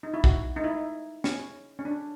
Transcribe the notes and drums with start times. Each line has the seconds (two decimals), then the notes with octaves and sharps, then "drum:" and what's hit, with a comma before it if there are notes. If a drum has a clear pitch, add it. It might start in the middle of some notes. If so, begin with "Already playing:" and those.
0.03 D#4
0.14 E4
0.24 F#4, drum: kick
0.56 D#4
0.64 E4
1.24 C#4, drum: snare
1.79 C#4
1.85 D4